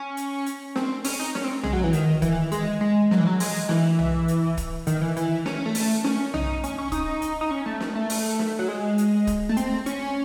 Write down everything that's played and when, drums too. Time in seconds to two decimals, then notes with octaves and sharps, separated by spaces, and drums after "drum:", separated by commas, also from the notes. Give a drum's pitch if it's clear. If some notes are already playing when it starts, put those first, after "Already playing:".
Already playing: C#4
0.17 drum: hi-hat
0.46 drum: hi-hat
0.76 C4, drum: snare
1.05 C#4, drum: open hi-hat
1.19 D#4
1.35 C#4, drum: snare
1.44 C4
1.63 G#3, drum: tom B1
1.73 F#3
1.84 E3
1.93 D#3, drum: hi-hat
2.22 E3, drum: kick, hi-hat
2.52 G#3, drum: hi-hat
2.81 G#3
3.11 F#3, drum: snare
3.19 E3
3.27 F#3
3.40 G#3, drum: open hi-hat
3.69 E3, drum: snare
3.99 drum: tom B1
4.28 drum: hi-hat
4.57 drum: kick, hi-hat
4.87 D#3, drum: hi-hat
5.01 E3
5.16 E3, drum: hi-hat
5.46 C#4, drum: snare
5.56 C#4
5.66 A3
5.75 drum: open hi-hat
6.04 C#4, drum: snare
6.34 D#4, drum: tom B1
6.64 C#4, drum: hi-hat
6.78 C#4
6.92 D#4, drum: kick, hi-hat
7.22 drum: hi-hat
7.41 D#4
7.51 C#4
7.66 A3
7.80 drum: snare
7.95 A3
8.10 drum: open hi-hat
8.39 drum: snare
8.59 F#3
8.68 G#3
8.98 drum: hi-hat
9.27 drum: kick, hi-hat
9.49 A3
9.57 C4, drum: hi-hat
9.86 C#4, drum: hi-hat